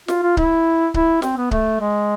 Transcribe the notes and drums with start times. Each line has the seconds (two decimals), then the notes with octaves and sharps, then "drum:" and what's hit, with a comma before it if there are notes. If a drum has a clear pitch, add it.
0.08 F4, drum: snare
0.23 F4
0.37 E4, drum: kick C#1
0.94 E4, drum: kick C#1
1.22 C4, drum: snare
1.37 B3
1.51 A3, drum: kick C#1
1.80 G#3